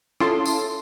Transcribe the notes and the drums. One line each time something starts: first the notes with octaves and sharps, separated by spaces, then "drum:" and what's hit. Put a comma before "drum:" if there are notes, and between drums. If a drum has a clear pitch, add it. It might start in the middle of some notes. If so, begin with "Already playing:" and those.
C#4 E4 F4 A4 A5 C6, drum: rim click
drum: tambourine